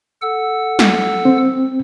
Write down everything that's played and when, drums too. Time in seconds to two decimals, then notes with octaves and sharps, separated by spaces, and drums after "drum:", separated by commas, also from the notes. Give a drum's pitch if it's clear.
0.22 A4 F#5 E6
0.79 drum: snare
1.25 C4